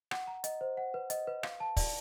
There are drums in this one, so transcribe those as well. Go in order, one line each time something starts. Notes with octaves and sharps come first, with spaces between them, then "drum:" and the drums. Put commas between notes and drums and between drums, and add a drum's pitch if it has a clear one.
F#5, drum: rim click
A#5
D#5, drum: hi-hat
C5
F#5
B4
D#5, drum: hi-hat
B4
F5, drum: rim click
A5
D5, drum: kick, open hi-hat